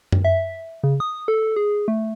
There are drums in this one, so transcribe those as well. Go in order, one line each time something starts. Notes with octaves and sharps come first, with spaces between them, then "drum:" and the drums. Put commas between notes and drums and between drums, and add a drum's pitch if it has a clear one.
drum: tom F#2
E5
C#3
D#6
A4
G#4
A3